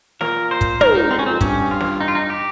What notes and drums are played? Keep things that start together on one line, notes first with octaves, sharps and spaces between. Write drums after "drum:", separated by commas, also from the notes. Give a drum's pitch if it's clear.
A#2 A#4, drum: snare
C5
drum: kick, hi-hat
G#2 A#4, drum: tom
D#4
C4
C#4
F2 C4
G2 C#4, drum: kick, hi-hat
F4
drum: snare
D#4
F4
D#4
G4